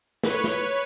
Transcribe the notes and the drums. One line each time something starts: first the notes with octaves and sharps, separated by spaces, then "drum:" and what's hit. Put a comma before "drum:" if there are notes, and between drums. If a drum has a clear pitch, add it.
B4 C#5, drum: snare
drum: snare